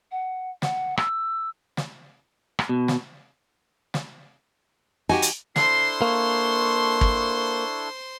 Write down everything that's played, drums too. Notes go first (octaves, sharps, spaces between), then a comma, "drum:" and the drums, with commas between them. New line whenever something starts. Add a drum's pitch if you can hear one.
F#5
F#5, drum: snare
E6, drum: rim click
drum: snare
drum: rim click
B2
drum: snare
drum: snare
D#4 F#4 G4 G#5
drum: hi-hat
D4 E4 A4 C5 C6 C7, drum: snare
A#3 C#6
drum: kick